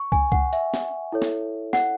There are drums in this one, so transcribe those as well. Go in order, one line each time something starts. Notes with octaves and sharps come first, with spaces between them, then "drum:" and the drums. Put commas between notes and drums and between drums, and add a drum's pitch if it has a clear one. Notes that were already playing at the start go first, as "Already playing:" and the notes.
Already playing: C#6
G#5, drum: kick
F#5, drum: kick
E5, drum: hi-hat
drum: snare
E4 A4 C#5
drum: snare
F#5, drum: snare